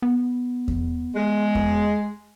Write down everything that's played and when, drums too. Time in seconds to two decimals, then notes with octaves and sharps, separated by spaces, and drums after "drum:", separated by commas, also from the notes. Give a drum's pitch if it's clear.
0.02 B3
0.68 drum: kick E2
1.16 G#3
1.55 drum: kick E2